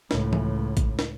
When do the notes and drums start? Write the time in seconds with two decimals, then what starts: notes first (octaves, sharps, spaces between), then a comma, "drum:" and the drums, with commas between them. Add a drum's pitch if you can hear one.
0.11 C#2 A2, drum: snare
0.33 drum: tom E3
0.77 drum: kick A1, hi-hat
0.99 drum: snare